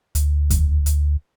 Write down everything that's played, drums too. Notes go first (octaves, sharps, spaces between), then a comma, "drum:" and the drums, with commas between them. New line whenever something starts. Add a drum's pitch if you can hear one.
D2, drum: hi-hat
drum: kick E2, hi-hat
drum: hi-hat